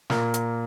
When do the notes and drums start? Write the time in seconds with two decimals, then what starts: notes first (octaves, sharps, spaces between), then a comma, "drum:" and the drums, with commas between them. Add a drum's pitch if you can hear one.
0.10 A#2 A#3, drum: snare
0.34 drum: hi-hat